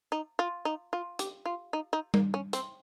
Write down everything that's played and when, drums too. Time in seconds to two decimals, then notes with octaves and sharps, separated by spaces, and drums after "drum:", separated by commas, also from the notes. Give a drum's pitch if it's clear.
0.12 D#4
0.39 F4
0.65 D#4
0.93 F4
1.19 G4, drum: hi-hat
1.45 F4
1.73 D#4
1.93 D#4
2.14 A#3, drum: tom G3
2.34 C#4
2.53 C4, drum: hi-hat